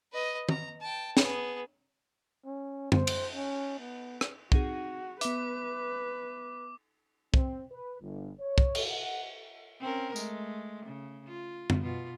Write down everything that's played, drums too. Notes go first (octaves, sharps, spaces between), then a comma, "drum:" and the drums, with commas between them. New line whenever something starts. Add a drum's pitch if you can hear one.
B4 D#5
A#5, drum: tom D#3
G5 A5
B3 G#4, drum: snare
C#4
C5, drum: tom
drum: cymbal
C#4
B3
drum: rim click
C4 D#4 F#4 G#4, drum: kick
B3 B4 E5 D6, drum: hi-hat
C4, drum: kick
B4
G1
C#5
drum: kick
drum: cymbal
F#5
C4 C#4 A#4
G#3 A3, drum: tambourine
C#3
F4
drum: tom
B2 F4